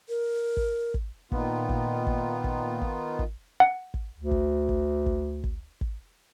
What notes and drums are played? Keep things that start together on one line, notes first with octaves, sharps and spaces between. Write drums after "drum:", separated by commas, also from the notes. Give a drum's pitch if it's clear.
A#4
drum: kick
drum: kick
A#2 D#3 B3 D#4 F4, drum: kick
drum: kick
drum: kick
drum: kick
drum: kick
drum: kick
F#5
drum: kick
D2
drum: kick
drum: kick
drum: kick
drum: kick
drum: kick